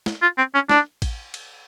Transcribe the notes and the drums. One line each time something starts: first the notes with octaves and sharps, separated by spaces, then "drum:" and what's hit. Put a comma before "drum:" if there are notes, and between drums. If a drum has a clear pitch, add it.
drum: snare
F4
C4
C#4
D4, drum: snare
drum: kick A1, cymbal
drum: cymbal